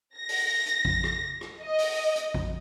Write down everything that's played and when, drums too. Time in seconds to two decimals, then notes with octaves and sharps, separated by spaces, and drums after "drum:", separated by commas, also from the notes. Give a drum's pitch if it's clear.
0.18 A#6
0.29 drum: open hi-hat
0.66 drum: hi-hat
0.85 drum: kick A1
1.04 drum: rim click
1.41 drum: rim click
1.60 D#5
1.78 drum: open hi-hat
2.16 drum: hi-hat
2.34 drum: kick A1